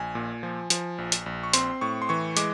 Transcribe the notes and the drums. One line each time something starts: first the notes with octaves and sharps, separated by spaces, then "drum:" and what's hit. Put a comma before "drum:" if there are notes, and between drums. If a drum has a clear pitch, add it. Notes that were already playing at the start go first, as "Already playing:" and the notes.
Already playing: A#1 G#5
A#2
F3
F3, drum: hi-hat
A#1
drum: hi-hat
A#1
C#6
C4 C6, drum: hi-hat
A2 C#6
C6
E3 C#6
G#3 D6, drum: hi-hat